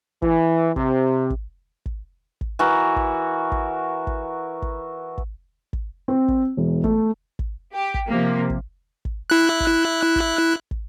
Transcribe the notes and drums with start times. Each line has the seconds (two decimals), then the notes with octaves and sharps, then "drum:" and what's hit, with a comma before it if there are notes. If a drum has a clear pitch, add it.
0.22 E3, drum: kick
0.76 C3, drum: kick
1.30 drum: kick
1.86 drum: kick
2.41 drum: kick
2.59 E3 F#4 A#4
2.96 drum: kick
3.52 drum: kick
4.07 drum: kick
4.62 drum: kick
5.18 drum: kick
5.73 drum: kick
6.08 C4
6.28 drum: kick
6.57 E1
6.84 A3, drum: kick
7.39 drum: kick
7.74 G4
7.94 drum: kick
8.08 C3 F3 A#3
8.50 drum: kick
9.05 drum: kick
9.30 E4 F#6
9.60 drum: kick
10.16 drum: kick
10.71 drum: kick